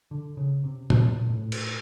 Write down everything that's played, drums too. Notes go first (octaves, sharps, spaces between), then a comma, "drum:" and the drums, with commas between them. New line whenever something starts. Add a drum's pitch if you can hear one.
D3
C#3
C3
A#2, drum: tom A#2
A2
drum: cymbal